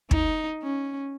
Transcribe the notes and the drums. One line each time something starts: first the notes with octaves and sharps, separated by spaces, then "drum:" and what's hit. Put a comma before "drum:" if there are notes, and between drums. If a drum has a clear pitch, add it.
D#4, drum: kick
C#4